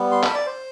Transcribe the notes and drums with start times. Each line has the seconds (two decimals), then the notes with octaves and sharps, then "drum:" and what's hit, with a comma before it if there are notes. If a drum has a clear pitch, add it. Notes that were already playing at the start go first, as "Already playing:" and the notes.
Already playing: G3 B3
0.11 C6
0.23 B5, drum: clap
0.34 D5
0.46 C5